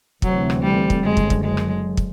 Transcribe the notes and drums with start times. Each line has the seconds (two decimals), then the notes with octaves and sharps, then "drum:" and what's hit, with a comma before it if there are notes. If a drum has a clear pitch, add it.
0.22 D2 C3 E3 F#3 A3 C4, drum: kick
0.50 drum: rim click
0.63 G3
0.90 drum: kick
1.04 F#1 F#2 D3 F#3 G#3
1.17 drum: kick
1.30 drum: kick
1.44 G#3
1.57 drum: rim click
1.97 drum: kick